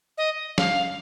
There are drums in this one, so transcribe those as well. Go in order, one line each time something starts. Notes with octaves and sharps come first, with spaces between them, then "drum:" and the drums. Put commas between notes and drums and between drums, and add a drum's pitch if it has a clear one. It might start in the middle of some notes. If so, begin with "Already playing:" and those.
D#5
F5, drum: snare